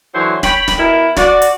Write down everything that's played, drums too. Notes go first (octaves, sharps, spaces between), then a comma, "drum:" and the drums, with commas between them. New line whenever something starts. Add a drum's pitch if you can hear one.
D3 E3 F#3 C5 C#5
C#5 G5 B5, drum: snare
drum: snare
B2 E4 A#4
F#4 D5, drum: snare
drum: hi-hat